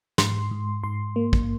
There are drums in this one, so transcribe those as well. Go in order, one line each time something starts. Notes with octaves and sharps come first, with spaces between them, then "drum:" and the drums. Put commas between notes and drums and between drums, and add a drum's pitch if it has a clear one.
G#2 C6, drum: snare
G#2
G#2 C6
A#3
drum: kick